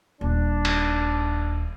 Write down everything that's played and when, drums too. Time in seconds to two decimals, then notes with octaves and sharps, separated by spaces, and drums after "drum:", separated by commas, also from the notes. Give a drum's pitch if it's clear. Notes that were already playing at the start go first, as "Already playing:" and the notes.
0.21 D#1 D4
0.65 drum: cymbal